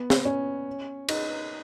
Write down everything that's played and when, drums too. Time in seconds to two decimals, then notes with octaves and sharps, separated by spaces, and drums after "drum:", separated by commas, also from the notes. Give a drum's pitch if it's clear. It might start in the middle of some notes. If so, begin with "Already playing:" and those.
Already playing: B3
0.10 drum: snare
0.25 C#4
1.09 D#4, drum: cymbal